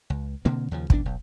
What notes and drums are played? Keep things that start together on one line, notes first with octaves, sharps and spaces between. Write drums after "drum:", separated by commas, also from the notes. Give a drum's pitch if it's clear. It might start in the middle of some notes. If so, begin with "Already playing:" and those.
C#2
B2 D3 A#3 C4
D#2 C#3 F3
B1 E2 F#3 D4, drum: kick
B1